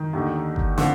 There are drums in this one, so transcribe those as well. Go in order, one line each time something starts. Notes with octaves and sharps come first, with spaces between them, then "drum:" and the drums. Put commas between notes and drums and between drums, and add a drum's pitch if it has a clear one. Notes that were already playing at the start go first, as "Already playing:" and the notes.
Already playing: D#3
D#2 D3 A3 D#4
drum: kick G1
A2 D3 F3 A3 C4, drum: snare